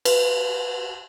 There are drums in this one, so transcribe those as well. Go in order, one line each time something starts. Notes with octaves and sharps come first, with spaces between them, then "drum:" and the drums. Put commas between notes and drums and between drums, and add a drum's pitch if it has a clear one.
B4, drum: cymbal